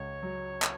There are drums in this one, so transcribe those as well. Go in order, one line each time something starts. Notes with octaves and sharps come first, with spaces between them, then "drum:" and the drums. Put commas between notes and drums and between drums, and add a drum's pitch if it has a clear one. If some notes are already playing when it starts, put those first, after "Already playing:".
Already playing: C#2 C#3 C#5
F#3
drum: clap